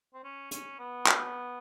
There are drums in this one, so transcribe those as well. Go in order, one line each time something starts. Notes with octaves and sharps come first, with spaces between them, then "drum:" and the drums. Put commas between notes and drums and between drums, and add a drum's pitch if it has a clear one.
C4
C#4
C#4, drum: hi-hat
B3
drum: clap